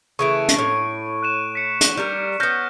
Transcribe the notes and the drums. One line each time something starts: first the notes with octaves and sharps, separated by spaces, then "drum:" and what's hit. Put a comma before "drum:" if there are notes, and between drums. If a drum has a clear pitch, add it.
C#3 E3 A3 C#6 D7
drum: hi-hat
A2 C#5
F#6 D#7 E7
B6 C#7
drum: hi-hat
G3 A#4
B3 C#4 F6 G6 A#6